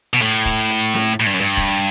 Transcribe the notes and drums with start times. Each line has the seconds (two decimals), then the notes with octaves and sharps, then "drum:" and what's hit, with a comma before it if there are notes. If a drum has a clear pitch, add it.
0.14 B2
0.22 A2
0.46 drum: kick
0.70 drum: hi-hat
0.94 drum: snare
1.20 A2
1.26 G2
1.34 F#2
1.41 G2
1.57 drum: kick